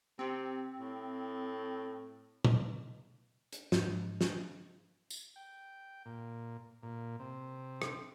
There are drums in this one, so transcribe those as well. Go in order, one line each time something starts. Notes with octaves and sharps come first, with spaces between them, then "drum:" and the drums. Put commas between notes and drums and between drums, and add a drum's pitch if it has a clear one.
C3 C4
A2
drum: tom
drum: hi-hat
G#2 F3, drum: snare
drum: snare
drum: tambourine
G5
A#2
A#2
C3
drum: rim click